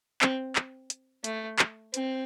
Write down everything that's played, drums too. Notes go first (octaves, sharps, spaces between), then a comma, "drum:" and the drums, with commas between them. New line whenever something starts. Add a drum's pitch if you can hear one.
C4, drum: clap
drum: clap
drum: hi-hat
A3, drum: hi-hat
drum: clap
C4, drum: hi-hat